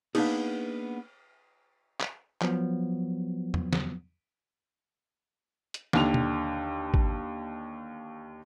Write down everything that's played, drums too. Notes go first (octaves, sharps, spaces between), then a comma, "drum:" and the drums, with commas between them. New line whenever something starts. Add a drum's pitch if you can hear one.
A#3 B3 D4 D#4 G#4, drum: cymbal
drum: clap
F3 F#3 B3, drum: clap
drum: tom
drum: snare
drum: hi-hat
D#2 D3 F7, drum: snare
drum: tom
drum: kick G#1